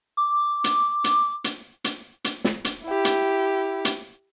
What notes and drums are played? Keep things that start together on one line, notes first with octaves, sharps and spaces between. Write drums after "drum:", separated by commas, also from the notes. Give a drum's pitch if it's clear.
D6
drum: hi-hat
drum: hi-hat
drum: hi-hat
drum: hi-hat
drum: hi-hat
drum: snare
drum: hi-hat
E4 G4
drum: hi-hat
drum: hi-hat